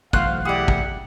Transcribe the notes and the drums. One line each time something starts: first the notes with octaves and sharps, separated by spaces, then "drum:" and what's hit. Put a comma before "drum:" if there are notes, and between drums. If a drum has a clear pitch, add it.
B1 E3 A3 F#4 C5 F5 F#6, drum: kick
E4 G4 G#4 D5 F#5
drum: kick